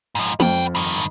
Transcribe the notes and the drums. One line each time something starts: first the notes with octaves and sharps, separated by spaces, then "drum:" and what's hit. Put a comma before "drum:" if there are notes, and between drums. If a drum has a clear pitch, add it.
G#2 F3, drum: hi-hat
F2 B3 G5, drum: tom G#3
G2 D#3